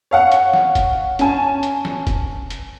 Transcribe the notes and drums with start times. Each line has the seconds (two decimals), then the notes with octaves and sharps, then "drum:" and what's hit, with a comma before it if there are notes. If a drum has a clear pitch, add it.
0.11 C#5 F5 F#5
0.32 drum: hi-hat
0.53 drum: snare
0.75 drum: kick, hi-hat
1.19 C#4 G#5 A5, drum: hi-hat
1.63 drum: hi-hat
1.85 drum: snare
2.07 drum: kick, hi-hat
2.50 drum: hi-hat